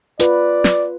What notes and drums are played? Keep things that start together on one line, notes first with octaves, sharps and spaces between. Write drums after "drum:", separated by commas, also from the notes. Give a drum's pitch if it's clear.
F4 B4 D5, drum: hi-hat
drum: snare